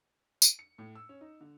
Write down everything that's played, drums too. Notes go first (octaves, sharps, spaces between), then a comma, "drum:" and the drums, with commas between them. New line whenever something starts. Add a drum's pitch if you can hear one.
drum: tambourine
C#7
A2
E6
C#4
D#4
D3